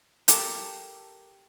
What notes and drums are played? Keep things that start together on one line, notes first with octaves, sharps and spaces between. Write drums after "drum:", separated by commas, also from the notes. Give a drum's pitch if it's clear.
G4 A4 A#4 A5, drum: hi-hat